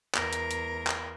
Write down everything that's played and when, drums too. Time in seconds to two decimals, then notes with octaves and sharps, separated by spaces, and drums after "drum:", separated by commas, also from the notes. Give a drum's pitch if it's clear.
0.15 E2 A#4, drum: clap
0.33 drum: hi-hat
0.51 drum: hi-hat
0.87 drum: clap